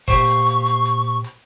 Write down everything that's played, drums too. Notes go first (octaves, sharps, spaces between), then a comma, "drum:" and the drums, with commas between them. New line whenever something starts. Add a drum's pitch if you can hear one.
A#2 G4 C5 C#6, drum: kick, hi-hat
drum: hi-hat
drum: hi-hat
drum: hi-hat
drum: hi-hat
drum: hi-hat